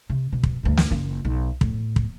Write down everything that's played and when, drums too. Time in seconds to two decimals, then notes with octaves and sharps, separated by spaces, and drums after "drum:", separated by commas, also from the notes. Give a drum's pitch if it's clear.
0.10 C3
0.32 B2
0.43 drum: kick
0.63 D2 G2
0.77 drum: snare
0.90 F#1 F4
1.25 B1
1.61 A2, drum: kick
1.96 drum: kick